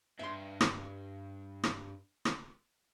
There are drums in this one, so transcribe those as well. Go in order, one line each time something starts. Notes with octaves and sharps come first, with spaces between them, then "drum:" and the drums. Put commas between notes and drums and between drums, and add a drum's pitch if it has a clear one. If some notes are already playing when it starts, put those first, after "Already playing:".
G2 E5 C6
drum: rim click
drum: rim click
drum: rim click